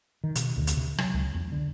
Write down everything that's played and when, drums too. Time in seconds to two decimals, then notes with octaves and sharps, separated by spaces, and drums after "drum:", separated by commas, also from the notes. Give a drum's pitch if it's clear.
0.24 D#3
0.35 B2, drum: hi-hat
0.57 D2
0.67 drum: hi-hat
0.77 C3
0.98 F#3, drum: rim click
1.14 C#2
1.34 E2
1.52 D3